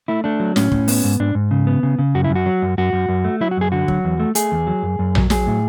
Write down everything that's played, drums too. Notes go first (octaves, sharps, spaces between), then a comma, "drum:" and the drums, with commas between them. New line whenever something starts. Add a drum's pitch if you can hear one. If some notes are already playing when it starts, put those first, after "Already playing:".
A3 E4
A3 D4
F#3
A2 C#4, drum: snare
A2, drum: kick
B3, drum: open hi-hat
G#2
G#2 D4
G#2
C#3
B3
C#3
C#3
F#2 F#4
E4
F#2
F#4
F#3
F#2
F#2 F#4
F#2
F#2
A3
F#3 E4
F#4
F#2 G#4
D3 F#4
F#3, drum: kick
E2
A3
A3 G#4, drum: hi-hat
E2
F#3
F#2
F#2
F#3, drum: tom A#1
F#3 G#4, drum: snare
A2